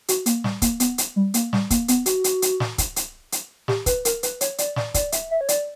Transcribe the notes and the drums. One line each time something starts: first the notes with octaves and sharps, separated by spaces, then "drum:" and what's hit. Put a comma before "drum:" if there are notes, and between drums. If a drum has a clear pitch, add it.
F#4, drum: hi-hat
A#3, drum: hi-hat
G3, drum: snare
A#3, drum: kick, hi-hat
B3, drum: hi-hat
drum: hi-hat
G3
A#3, drum: hi-hat
G3, drum: snare
A#3, drum: kick, hi-hat
B3, drum: hi-hat
F#4, drum: hi-hat
drum: hi-hat
drum: hi-hat
drum: snare
drum: kick, hi-hat
drum: hi-hat
drum: hi-hat
G4, drum: snare
B4, drum: kick, hi-hat
A#4, drum: hi-hat
B4, drum: hi-hat
C#5, drum: hi-hat
D5, drum: hi-hat
D5, drum: snare
D5, drum: kick, hi-hat
E5, drum: hi-hat
E5
C#5
D5, drum: hi-hat